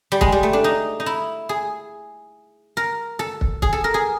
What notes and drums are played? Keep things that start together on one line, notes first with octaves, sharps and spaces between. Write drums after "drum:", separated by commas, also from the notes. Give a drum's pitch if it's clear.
G3
G#3, drum: kick
G3
A3
D4
D#4
D#4
E4
G#4
A#4
A4
drum: kick
G#4, drum: kick
A4
A#4
G#4